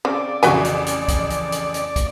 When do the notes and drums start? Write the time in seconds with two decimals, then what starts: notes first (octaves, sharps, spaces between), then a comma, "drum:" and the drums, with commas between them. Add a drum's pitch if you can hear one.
0.05 C#3 C4 D5
0.43 A1 F2 C#3 F#4 E5 G#5, drum: hi-hat
0.65 drum: hi-hat
0.86 drum: hi-hat
1.08 drum: kick, hi-hat
1.30 drum: hi-hat
1.52 drum: hi-hat
1.74 drum: hi-hat
1.96 drum: kick, hi-hat